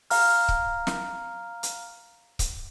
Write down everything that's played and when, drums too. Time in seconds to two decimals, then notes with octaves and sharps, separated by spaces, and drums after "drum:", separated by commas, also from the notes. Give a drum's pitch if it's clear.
0.10 F5 A#5 F6, drum: open hi-hat
0.49 drum: kick C#1
0.87 drum: snare
1.63 drum: hi-hat
2.39 drum: kick C#1, hi-hat